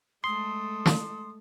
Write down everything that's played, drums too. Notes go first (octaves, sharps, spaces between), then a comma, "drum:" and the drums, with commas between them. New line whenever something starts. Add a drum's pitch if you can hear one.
G#3 A3 A4 C6 D#6
drum: snare